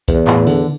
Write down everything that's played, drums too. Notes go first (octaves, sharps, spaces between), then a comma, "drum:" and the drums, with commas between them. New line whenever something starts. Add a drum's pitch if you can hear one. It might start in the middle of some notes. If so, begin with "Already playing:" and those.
E2, drum: kick C2, hi-hat
A2, drum: clap
D3, drum: open hi-hat